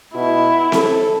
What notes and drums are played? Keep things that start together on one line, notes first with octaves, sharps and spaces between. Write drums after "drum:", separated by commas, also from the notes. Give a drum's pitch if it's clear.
B2 E4
A4, drum: snare C4